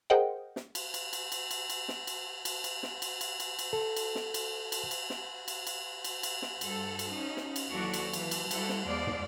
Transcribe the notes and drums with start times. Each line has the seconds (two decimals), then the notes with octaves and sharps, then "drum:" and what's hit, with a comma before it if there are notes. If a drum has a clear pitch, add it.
0.10 G#4 A#4 C5 D#5 F#5 G5
0.56 drum: snare
0.75 drum: cymbal
0.94 drum: cymbal
1.13 drum: cymbal
1.32 drum: cymbal
1.51 drum: cymbal
1.70 drum: cymbal
1.88 drum: snare
2.07 drum: cymbal
2.45 drum: cymbal
2.64 drum: cymbal
2.83 drum: snare
3.02 drum: cymbal
3.21 drum: cymbal
3.40 drum: cymbal
3.59 drum: cymbal
3.73 A4
3.96 drum: cymbal
4.15 drum: snare
4.34 drum: cymbal
4.72 drum: cymbal
4.91 drum: cymbal
5.10 drum: snare
5.48 drum: cymbal
5.67 drum: cymbal
6.04 drum: cymbal
6.23 drum: cymbal
6.42 drum: snare
6.61 G2 A4, drum: cymbal
6.99 drum: cymbal
7.11 C#4 D#4
7.37 drum: snare
7.56 drum: cymbal
7.71 D#2 E3 F#3 F#4 A4 D5
7.94 drum: cymbal
8.13 E3, drum: cymbal
8.31 drum: cymbal
8.51 G3 E4 F#4 A4, drum: cymbal
8.69 drum: snare
8.84 E2 G#3 B3 C5 D5 F5
9.07 drum: tom